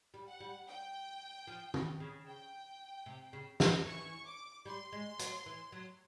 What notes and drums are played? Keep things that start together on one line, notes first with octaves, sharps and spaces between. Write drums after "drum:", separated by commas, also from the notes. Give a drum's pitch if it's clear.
G3
F#5
G3
G5
F3
E3, drum: tom
C#3
G5
C3
C#3
D3, drum: snare
E3 C#6
D6
G3 C6
G#3
F#3, drum: hi-hat
E3
F#3